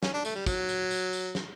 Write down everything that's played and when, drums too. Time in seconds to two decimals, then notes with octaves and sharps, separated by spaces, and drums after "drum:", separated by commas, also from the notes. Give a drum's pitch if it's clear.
0.03 C#4, drum: snare
0.14 D4
0.25 A3, drum: tambourine
0.35 G3
0.46 F#3, drum: kick, tambourine
0.69 drum: tambourine
0.91 drum: tambourine
1.13 drum: tambourine
1.35 drum: snare